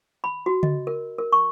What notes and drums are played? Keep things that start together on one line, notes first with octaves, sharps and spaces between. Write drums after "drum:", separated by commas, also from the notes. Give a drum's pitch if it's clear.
B5
F#4
D#5, drum: tom C#3
A#4
A#4
C#6